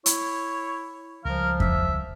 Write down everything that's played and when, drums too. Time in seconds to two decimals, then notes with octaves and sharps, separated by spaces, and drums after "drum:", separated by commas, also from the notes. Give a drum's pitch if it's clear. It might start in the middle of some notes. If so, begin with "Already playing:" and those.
0.06 E4 C#5, drum: hi-hat
1.25 C#2 F3 G3 A#4 F5
1.60 E5, drum: kick F2